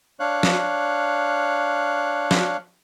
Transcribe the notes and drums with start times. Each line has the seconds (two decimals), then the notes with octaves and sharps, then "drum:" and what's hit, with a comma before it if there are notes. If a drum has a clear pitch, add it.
0.20 D4 C#5 F5 F#6
0.43 drum: snare
2.31 drum: snare